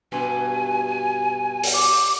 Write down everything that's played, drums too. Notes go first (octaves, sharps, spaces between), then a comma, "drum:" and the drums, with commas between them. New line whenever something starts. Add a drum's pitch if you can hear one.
G2 B2 G#5
drum: open hi-hat
D6